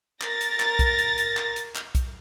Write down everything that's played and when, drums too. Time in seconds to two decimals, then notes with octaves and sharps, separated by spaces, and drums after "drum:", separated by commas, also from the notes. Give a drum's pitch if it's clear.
0.21 A#4 A6 A#6, drum: clap
0.41 drum: hi-hat
0.60 drum: clap
0.79 drum: kick B1, hi-hat
0.98 drum: hi-hat
1.18 drum: hi-hat
1.37 drum: clap
1.56 drum: hi-hat
1.75 drum: clap
1.95 drum: kick B1, hi-hat